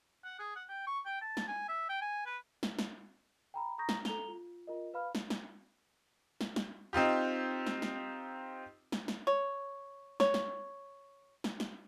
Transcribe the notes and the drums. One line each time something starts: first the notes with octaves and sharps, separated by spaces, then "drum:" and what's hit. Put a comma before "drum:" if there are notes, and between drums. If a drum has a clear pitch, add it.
F#5
G#4
F#5
G5
C#6
G5
A5
drum: snare
G#5
E5
G5
G#5
B4
drum: snare
drum: snare
G5 A#5 B5
A#5 C#6 D#6 G6 A#6
drum: snare
A4 A#5 F7 G7, drum: snare
F4
F4 A#4 D#5
B4 F5 B5 F6
drum: snare
drum: snare
drum: snare
drum: snare
C4 D#4 F4 G4
drum: snare
drum: snare
drum: snare
drum: snare
C#5
C#5, drum: snare
drum: snare
drum: snare
drum: snare